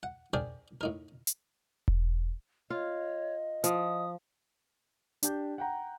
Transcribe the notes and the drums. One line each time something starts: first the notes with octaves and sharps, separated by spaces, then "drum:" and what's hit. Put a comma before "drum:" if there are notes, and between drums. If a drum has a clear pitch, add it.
F#5
D4 G#4 A#4 C5 D5 G5
A2 D#4 A#4
drum: hi-hat
drum: kick E1
F4 C#5 D#5
F3 D#6, drum: hi-hat
D4 G4 G6, drum: hi-hat
F#5 G5 A#5